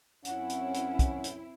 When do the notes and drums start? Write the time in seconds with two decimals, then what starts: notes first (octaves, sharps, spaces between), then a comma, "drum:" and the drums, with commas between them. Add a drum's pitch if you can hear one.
0.25 F#2 C4 C#4 E4 F#5, drum: hi-hat
0.50 drum: hi-hat
0.74 drum: hi-hat
0.99 drum: kick, hi-hat
1.24 drum: hi-hat